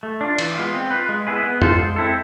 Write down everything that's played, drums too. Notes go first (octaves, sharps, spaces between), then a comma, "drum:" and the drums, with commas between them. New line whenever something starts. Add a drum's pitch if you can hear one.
A3
D4 F4
E3, drum: cymbal
G#3 B3 F4
C4
F4 B4
G#3
B3 E4 G#4 B4
B3
F4 A4 C5, drum: tom F2
G#3
C4 E4 A4